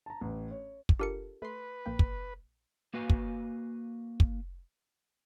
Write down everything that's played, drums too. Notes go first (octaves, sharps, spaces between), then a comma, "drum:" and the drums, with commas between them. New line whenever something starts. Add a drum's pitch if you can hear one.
A5 A#5
A1
C#5
drum: kick
D4 F4 G4 A4 A#4 C#7
A3 B4 C6
A#1 A#3 G5
drum: kick
A#3 F#4 B4 F5 G#5
drum: kick
drum: kick